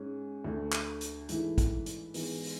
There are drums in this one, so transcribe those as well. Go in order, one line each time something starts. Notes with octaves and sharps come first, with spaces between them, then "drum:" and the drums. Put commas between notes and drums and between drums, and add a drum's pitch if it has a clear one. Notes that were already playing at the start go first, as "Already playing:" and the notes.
Already playing: G#2 G#3 C#4
D2 D3 A3
drum: clap
drum: hi-hat
G#2 E3 A3 E4, drum: hi-hat
drum: kick G#1, hi-hat
drum: hi-hat
G#2 E3 G#3 B3, drum: open hi-hat
drum: open hi-hat